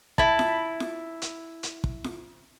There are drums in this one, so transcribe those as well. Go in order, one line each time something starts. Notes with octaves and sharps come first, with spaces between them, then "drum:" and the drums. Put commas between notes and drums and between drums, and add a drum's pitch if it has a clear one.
E4 A5, drum: kick
drum: snare F4
drum: snare F4
drum: hi-hat
drum: hi-hat
drum: kick
drum: snare F4